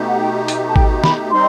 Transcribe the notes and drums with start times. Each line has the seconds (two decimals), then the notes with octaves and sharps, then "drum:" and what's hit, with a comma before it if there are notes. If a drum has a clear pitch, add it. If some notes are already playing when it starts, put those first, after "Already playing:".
Already playing: B2 A3 D#4 G4
0.08 F#5
0.20 G5
0.48 drum: hi-hat
0.69 A5
0.76 G5, drum: kick G#1
1.04 B5, drum: snare
1.31 D#3 G3 C4 D#4 C6